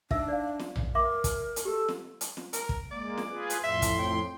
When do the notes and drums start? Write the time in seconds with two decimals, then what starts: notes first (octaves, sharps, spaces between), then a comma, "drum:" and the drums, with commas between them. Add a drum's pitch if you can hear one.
0.11 D4 D#4 E5 E6, drum: kick
0.28 D5 F5
0.59 drum: snare
0.76 drum: tom A#1
0.95 A#4 E5 C6 D6
1.24 drum: kick, hi-hat
1.56 drum: hi-hat
1.65 G4 A4
1.88 drum: snare
2.21 drum: hi-hat
2.37 drum: snare
2.53 A#4, drum: hi-hat
2.69 drum: kick
2.91 G#3 A#3 D5
3.17 drum: snare
3.29 F4 G#4 B4
3.50 drum: hi-hat
3.64 F2 A2 E5 C6
3.82 drum: kick, hi-hat
3.99 G5